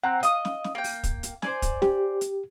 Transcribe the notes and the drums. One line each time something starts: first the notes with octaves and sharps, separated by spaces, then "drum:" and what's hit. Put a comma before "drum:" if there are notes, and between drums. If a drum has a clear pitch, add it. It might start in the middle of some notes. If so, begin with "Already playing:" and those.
C4 F#5 A#5 F#6
D#5 F5 D#6, drum: hi-hat
drum: snare
drum: snare
A#3 G5
drum: open hi-hat
drum: kick, hi-hat
drum: hi-hat
C5 D5 G#5, drum: snare
drum: kick, hi-hat
G4, drum: snare
drum: hi-hat